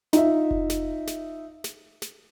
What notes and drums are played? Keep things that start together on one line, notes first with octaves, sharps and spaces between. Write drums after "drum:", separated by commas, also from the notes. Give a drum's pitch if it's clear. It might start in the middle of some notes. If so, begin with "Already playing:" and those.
D#4 F4 E5, drum: snare
drum: kick F1
drum: snare
drum: snare
drum: snare
drum: snare